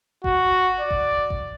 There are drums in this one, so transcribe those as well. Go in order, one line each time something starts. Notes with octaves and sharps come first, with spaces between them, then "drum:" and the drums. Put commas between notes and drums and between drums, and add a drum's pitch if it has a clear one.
F#4, drum: kick G1
D5
drum: kick G1
drum: kick G1